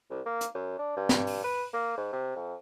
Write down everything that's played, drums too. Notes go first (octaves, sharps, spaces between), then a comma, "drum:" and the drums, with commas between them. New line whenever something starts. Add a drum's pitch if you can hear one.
C2
A#3
drum: hi-hat
F#2
D4
G2
drum: snare
drum: open hi-hat
B4
A#3
G#2
C3
F2